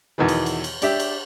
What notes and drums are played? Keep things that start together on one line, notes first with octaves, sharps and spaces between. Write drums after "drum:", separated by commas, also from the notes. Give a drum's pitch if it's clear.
E2 B2 D#3 E3
drum: cymbal
drum: cymbal
drum: cymbal
D4 G4 E5, drum: cymbal
drum: cymbal